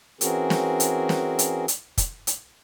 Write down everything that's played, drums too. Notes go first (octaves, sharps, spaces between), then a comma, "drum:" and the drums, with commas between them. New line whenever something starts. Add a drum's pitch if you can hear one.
E3 C4 C#4 F#4 G#4 A#4, drum: hi-hat
drum: snare
drum: hi-hat
drum: snare
drum: hi-hat
drum: hi-hat
drum: kick, hi-hat
drum: hi-hat